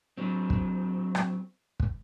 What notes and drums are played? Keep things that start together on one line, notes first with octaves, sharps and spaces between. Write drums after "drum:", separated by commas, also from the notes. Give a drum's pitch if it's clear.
F#3 C4
drum: kick
drum: rim click
drum: kick